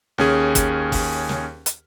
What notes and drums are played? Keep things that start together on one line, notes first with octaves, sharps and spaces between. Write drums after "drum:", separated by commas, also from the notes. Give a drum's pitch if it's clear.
D#2 C#4 G#4, drum: snare
drum: kick, hi-hat
drum: kick, open hi-hat
drum: snare
drum: hi-hat